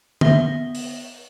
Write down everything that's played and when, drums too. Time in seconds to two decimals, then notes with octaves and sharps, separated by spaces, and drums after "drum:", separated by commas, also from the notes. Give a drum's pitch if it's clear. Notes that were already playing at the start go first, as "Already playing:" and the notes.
0.21 B3 E5 A#6 G7, drum: tom
0.75 drum: open hi-hat